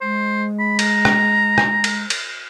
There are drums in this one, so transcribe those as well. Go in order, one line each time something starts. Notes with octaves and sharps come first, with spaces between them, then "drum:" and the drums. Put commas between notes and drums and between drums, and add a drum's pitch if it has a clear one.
G#3 C5
B5
A#5, drum: cymbal
drum: rim click
drum: rim click
drum: cymbal
drum: cymbal